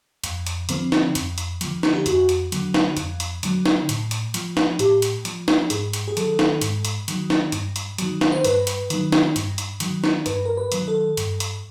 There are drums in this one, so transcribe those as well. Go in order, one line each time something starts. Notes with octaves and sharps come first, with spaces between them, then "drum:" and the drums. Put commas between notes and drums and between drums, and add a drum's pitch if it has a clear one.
F2, drum: hi-hat
drum: hi-hat
D3 F3 C4, drum: hi-hat
drum: snare
F2, drum: hi-hat
drum: hi-hat
D3 F3, drum: hi-hat
drum: snare
G4
F2 F#4, drum: hi-hat
drum: hi-hat
D3 F#3, drum: hi-hat
drum: snare
F2, drum: hi-hat
drum: hi-hat
D3 F#3, drum: hi-hat
drum: snare
A2, drum: hi-hat
drum: hi-hat
F3, drum: hi-hat
drum: snare
A2 G4, drum: hi-hat
drum: hi-hat
F3, drum: hi-hat
drum: snare
G#2 G#4, drum: hi-hat
drum: hi-hat
G#4
D#3 F#3 A4, drum: hi-hat
drum: snare
G#2, drum: hi-hat
drum: hi-hat
D#3 F#3, drum: hi-hat
drum: snare
G2, drum: hi-hat
drum: hi-hat
D#3 F#3, drum: hi-hat
drum: snare
C5
G2 B4, drum: hi-hat
drum: hi-hat
D#3 F#3, drum: hi-hat
drum: snare
G2, drum: hi-hat
drum: hi-hat
D#3 F#3, drum: hi-hat
drum: snare
G2 B4, drum: hi-hat
A#4
B4
D#3 F#3, drum: hi-hat
A4
G2, drum: hi-hat
drum: hi-hat